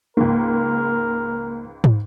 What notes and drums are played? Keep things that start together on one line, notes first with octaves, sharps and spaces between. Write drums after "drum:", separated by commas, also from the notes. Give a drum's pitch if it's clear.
C#2 G#2 A#3 A#4
drum: tom